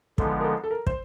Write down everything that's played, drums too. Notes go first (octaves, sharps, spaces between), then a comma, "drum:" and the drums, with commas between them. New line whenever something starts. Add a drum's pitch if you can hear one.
D3 F3 G#3 B3 D#4 A4, drum: kick
A#4
A4
A4
A#4
C5, drum: kick